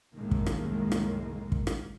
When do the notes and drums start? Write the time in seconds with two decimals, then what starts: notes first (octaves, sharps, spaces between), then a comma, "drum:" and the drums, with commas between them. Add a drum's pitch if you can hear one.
0.16 C2 F#2 A2 D#3 G#3 A#3
0.31 drum: kick
0.46 drum: rim click
0.92 drum: rim click
1.52 drum: kick
1.67 drum: rim click